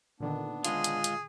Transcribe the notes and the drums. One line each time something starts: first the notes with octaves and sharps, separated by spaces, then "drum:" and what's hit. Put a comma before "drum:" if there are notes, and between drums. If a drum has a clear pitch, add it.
A#2 D3 D#3 B3 D4
G#3 F4 G#4, drum: hi-hat
drum: hi-hat
drum: hi-hat